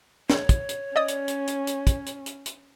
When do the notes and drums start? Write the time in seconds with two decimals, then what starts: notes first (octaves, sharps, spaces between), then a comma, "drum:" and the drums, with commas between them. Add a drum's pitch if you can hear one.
0.30 C#5, drum: snare
0.49 drum: kick, hi-hat
0.69 drum: hi-hat
0.96 C#4 D5 D#5 D#6
1.08 drum: hi-hat
1.28 drum: hi-hat
1.47 drum: hi-hat
1.67 drum: hi-hat
1.87 drum: kick, hi-hat
2.06 drum: hi-hat
2.26 drum: hi-hat
2.46 drum: hi-hat